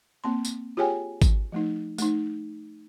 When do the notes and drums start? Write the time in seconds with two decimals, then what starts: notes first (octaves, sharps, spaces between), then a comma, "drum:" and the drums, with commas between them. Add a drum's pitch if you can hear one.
0.24 A#3 C4 C6
0.45 drum: tambourine
0.77 F4 G4 G#4 C#5 G5 G#5
1.22 drum: kick G#1, tambourine
1.52 F3 A3 D#4
1.98 A3 D#4, drum: tambourine